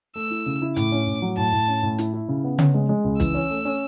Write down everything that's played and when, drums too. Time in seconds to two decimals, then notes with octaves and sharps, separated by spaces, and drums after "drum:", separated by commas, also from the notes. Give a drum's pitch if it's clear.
0.16 A3 E6
0.31 E4
0.46 C#3
0.62 E4
0.76 A2 D6, drum: hi-hat
0.92 C#4
1.07 A2
1.22 F#3
1.37 A2 A5
1.52 A2
1.68 C#4
1.83 A2
1.98 E4, drum: hi-hat
2.13 E4
2.28 C#3
2.44 B3
2.58 C#4, drum: tom C#3
2.74 G#3
2.89 G#3
3.04 C#2
3.20 E3 E6, drum: kick, hi-hat
3.34 C#4
3.51 A3
3.65 C#4